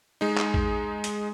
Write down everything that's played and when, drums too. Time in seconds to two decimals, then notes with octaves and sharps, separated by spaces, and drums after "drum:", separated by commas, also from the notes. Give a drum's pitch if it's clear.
0.21 G#3 D#4
0.38 drum: clap
0.54 drum: kick
1.04 drum: hi-hat